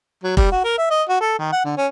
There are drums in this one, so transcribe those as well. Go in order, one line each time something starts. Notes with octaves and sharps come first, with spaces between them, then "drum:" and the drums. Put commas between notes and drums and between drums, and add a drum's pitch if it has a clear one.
F#3
G3, drum: kick
F#4
A#4
E5
D#5
F#4
A4
D#3
F#5
D3
C#4